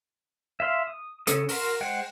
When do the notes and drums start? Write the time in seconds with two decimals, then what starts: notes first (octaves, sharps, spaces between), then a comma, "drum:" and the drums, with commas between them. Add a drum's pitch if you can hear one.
0.60 E5 F5 C6
0.87 D#6
1.27 C#3 C#4 A4 D#6, drum: hi-hat
1.49 F#4 A#4 B5 C6, drum: open hi-hat
1.81 G#3 C5 F#5 G5